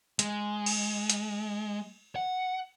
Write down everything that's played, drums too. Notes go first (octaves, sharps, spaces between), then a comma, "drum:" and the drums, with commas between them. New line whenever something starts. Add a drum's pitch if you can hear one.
G#3, drum: hi-hat
drum: cymbal
drum: hi-hat
F#5